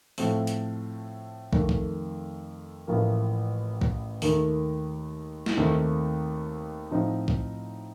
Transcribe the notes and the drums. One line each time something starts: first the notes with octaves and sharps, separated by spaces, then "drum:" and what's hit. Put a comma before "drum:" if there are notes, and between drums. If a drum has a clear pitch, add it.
A2 F3 A3 C4, drum: open hi-hat
drum: hi-hat
F2 D#3 A3, drum: kick
drum: kick
A1 A2 F3 A#3
drum: kick
D#2 D#3 A3 D#4, drum: open hi-hat
drum: snare
D#2 D#3 A3 C4 D#4
A2 F3 C4 D#4
drum: kick